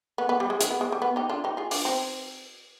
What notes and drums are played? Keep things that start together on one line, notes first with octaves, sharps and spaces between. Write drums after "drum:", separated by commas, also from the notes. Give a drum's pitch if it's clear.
B3
B3
G3
G#3
G#3, drum: hi-hat
B3
G#3
G3
B3
D#4 G4
D4 F4
D#4 G4
F4 G#4
D4 F4, drum: open hi-hat
C4 D#4